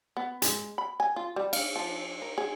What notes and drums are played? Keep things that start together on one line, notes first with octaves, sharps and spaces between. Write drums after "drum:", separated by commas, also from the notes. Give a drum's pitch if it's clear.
B3
G#3, drum: hi-hat
B5
G#5
F4
G3
F5, drum: cymbal
F3
A#4
G#4